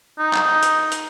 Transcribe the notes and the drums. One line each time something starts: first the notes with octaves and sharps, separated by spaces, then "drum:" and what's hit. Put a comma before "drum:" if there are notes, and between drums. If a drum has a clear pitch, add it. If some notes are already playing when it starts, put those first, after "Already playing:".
D#4
drum: clap
drum: hi-hat
drum: hi-hat